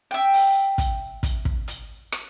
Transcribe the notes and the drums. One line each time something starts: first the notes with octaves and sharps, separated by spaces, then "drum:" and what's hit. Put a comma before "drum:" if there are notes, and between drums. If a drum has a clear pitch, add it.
E5 G5
drum: open hi-hat
drum: kick, hi-hat
drum: kick, hi-hat
drum: kick
drum: hi-hat
drum: rim click